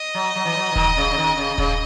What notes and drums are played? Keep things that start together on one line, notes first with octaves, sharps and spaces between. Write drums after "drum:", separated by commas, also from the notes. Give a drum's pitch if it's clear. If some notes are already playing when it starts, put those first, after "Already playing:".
Already playing: D#5
F#3
F#3
E3
F#3
E3
D#3, drum: kick D#1
C#3
C#3
D#3
C#3
C#3, drum: kick D#1